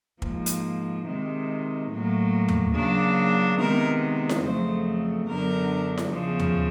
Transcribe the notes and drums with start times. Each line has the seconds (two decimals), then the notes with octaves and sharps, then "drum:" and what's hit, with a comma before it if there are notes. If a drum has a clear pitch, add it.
0.22 G#2 F3 A#3, drum: kick
0.46 drum: hi-hat
1.06 C3 D#3 G#3
1.91 A2 F#3 A#3
2.49 drum: tom D#2
2.75 C#3 F#3 A#3 D4
3.59 C3 D#3 G#3 B3 A#4
4.29 drum: snare E4
4.44 F2 C#3 F#3 A3 C5
5.29 F#2 D3 F#3 B3 D4 A#4
5.98 drum: snare E4
6.13 E2 C#3 F3
6.40 drum: tom D#2